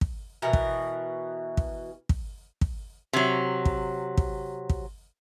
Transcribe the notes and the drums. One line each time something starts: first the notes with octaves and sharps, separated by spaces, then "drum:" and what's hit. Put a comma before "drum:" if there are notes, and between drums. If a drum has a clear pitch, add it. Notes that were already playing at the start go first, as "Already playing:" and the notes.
drum: kick
B2 E3 A#4
drum: kick
drum: kick
drum: kick
drum: kick
C3 F#3
drum: kick
drum: kick
drum: kick